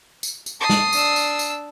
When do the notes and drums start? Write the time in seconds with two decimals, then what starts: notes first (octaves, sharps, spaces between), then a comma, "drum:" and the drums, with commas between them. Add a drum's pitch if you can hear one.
0.23 drum: tambourine
0.46 drum: tambourine
0.60 A5 D#6 C7
0.69 drum: snare
0.93 D4 E6, drum: tambourine
1.16 drum: tambourine
1.39 drum: tambourine